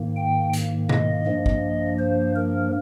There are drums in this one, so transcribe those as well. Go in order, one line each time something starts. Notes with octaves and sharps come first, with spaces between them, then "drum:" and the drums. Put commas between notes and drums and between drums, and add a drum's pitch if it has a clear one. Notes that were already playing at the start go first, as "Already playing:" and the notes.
Already playing: G#2 D#3 A#3
G5
drum: hi-hat
D#5, drum: tom B2
G2 F3 A#3
drum: kick
C5
A#4